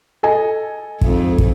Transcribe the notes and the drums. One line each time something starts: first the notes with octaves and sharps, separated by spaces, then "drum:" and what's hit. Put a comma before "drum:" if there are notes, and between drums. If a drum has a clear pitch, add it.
A4 D#5 G#5
F2 G#2, drum: kick
drum: kick